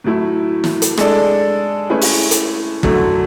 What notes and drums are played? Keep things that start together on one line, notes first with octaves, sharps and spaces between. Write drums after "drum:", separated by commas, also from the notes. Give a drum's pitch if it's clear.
A2 F#3 A3 E4
drum: snare
drum: hi-hat
G#3 D4 A4 D5, drum: rim click
A3 C#4 E4 G#4 B4
drum: open hi-hat
drum: hi-hat
F#2 D3 F#3 A3, drum: kick